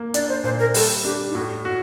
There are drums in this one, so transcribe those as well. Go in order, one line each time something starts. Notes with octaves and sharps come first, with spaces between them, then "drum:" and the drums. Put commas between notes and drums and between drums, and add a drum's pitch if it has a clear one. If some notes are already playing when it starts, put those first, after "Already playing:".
Already playing: A#3
D4 D5, drum: hi-hat
C5
A#2 C5
A#4
G3 A4, drum: open hi-hat
D4 G4
D#4
A2 F#4
F#4